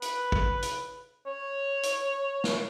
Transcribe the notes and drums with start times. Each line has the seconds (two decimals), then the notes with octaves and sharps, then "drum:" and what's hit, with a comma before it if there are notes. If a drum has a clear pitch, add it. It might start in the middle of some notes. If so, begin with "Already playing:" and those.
0.02 B4, drum: hi-hat
0.32 drum: kick
0.62 drum: hi-hat
1.27 C#5
1.83 drum: hi-hat
2.44 drum: snare